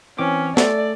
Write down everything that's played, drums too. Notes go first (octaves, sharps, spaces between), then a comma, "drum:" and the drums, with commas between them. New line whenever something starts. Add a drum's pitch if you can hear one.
E3 C4 C#4 D6
A3 A4 D5, drum: snare